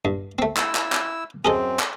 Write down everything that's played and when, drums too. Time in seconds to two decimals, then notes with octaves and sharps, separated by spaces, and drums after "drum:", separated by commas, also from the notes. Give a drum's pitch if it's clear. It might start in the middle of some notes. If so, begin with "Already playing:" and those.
0.05 G2
0.39 A3 C4
0.57 E4 E6, drum: clap
0.75 drum: clap
0.92 drum: clap
1.45 F#2 C4 G#4 A4 D#5
1.79 drum: clap